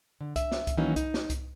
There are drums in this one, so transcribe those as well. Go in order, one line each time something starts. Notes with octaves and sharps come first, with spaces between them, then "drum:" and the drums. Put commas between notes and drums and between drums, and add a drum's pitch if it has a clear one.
D3
E5, drum: kick C2, hi-hat
drum: snare
drum: kick C2, hi-hat
D#3 E3 F#3 A#3 C#4 D#4
D#4, drum: kick C2, hi-hat
drum: snare
drum: kick C2, hi-hat